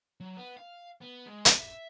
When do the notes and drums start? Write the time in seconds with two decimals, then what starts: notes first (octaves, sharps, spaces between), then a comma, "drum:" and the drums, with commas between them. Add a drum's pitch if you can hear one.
0.20 F#3
0.37 B3
0.57 F5
1.02 B3
1.27 G#3
1.45 drum: hi-hat
1.57 E5